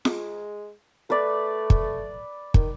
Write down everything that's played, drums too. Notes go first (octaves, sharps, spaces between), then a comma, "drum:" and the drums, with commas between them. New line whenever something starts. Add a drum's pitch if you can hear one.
G#3, drum: snare
A3 B4 D5
drum: kick
D#3, drum: kick